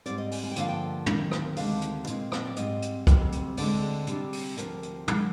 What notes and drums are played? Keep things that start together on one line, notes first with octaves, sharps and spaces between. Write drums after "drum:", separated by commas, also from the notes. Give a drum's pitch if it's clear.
G#2 G3 C4 D5, drum: hi-hat
D#5
G#5, drum: open hi-hat
G#5
G5
G2 D3 F3 A#3 D4 F5, drum: hi-hat
G5
D2 C3 D#3, drum: tom
drum: rim click
D2 C3 D#3 G#3 D4 F5, drum: open hi-hat
drum: hi-hat
A#2 G#3 C4, drum: hi-hat
drum: rim click
D5
G#2 G3 C4 D#5, drum: hi-hat
drum: hi-hat
D2 C3 G3 C4, drum: kick, hi-hat
drum: hi-hat
D2 D3 G#3 C4 D5, drum: open hi-hat
C3 G3 D4, drum: hi-hat
drum: open hi-hat
D2 C3 F3 C4 A#4, drum: hi-hat
drum: hi-hat
D3 G#3, drum: tom